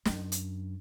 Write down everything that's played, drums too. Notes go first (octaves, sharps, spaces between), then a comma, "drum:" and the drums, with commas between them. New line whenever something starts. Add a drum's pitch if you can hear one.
F#2 D4, drum: snare
drum: hi-hat